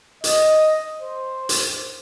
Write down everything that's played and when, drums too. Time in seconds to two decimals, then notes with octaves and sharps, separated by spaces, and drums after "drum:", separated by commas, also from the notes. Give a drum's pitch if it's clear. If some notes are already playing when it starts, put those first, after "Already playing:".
0.24 D#5, drum: hi-hat
1.02 C5
1.49 drum: hi-hat